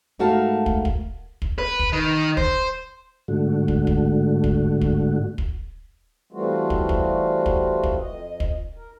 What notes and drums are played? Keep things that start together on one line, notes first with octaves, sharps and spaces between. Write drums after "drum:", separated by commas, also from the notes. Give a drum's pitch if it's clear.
G#2 A3 F#4 A#4 F5 A5
drum: kick
drum: kick
drum: kick
B4
drum: kick
D#3
C5, drum: kick
G#2 D3 A3 F#4
drum: kick
drum: kick
drum: kick
drum: kick
drum: kick
E3 G3 A3 C4 F4 F#4
drum: kick
drum: kick
drum: kick
drum: kick
F2 D#5
drum: kick
A#4